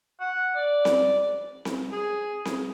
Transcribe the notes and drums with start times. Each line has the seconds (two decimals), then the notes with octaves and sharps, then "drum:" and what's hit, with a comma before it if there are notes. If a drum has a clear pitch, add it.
0.20 F#5
0.56 D5
0.85 drum: snare C4
1.65 drum: snare C4
1.92 G#4
2.45 drum: snare C4